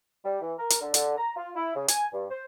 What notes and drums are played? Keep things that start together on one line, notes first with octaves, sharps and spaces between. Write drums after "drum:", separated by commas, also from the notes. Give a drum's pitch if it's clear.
G3
E3
A#4
drum: hi-hat
D3
D3, drum: hi-hat
A#5
F4
E4
C#3
G#5, drum: hi-hat
G2
C5